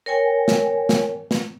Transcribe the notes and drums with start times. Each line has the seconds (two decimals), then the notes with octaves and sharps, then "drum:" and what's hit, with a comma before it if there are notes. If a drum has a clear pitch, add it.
0.06 A#4 C#5 G5 G#5
0.48 drum: snare
0.89 drum: snare
1.31 drum: snare